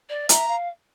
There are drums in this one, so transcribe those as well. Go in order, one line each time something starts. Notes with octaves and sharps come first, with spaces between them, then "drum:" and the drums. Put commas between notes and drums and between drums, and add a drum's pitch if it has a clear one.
D5
E5 A#5, drum: hi-hat
F5